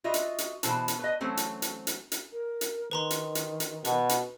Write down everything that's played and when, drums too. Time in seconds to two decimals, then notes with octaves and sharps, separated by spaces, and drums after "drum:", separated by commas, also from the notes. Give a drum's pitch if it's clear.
0.04 F4 F#4 D#5 E5
0.14 drum: hi-hat
0.38 drum: hi-hat
0.63 B2 E3 C5 A5, drum: hi-hat
0.88 drum: hi-hat
0.99 B4 D#5
1.20 E3 F#3 A3 C4 C#4
1.37 drum: hi-hat
1.62 drum: hi-hat
1.87 drum: hi-hat
2.12 drum: hi-hat
2.32 A#4
2.61 drum: hi-hat
2.91 D#3 B4 A#5 C6
3.10 drum: hi-hat
3.35 drum: hi-hat
3.60 drum: hi-hat
3.85 B2 B4, drum: hi-hat
4.09 drum: hi-hat